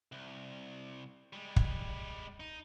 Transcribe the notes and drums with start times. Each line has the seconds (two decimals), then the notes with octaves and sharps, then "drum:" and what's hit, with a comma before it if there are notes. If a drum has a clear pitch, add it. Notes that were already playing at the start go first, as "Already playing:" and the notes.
0.12 C2
1.33 G3 G#3
1.56 drum: kick
2.40 D#4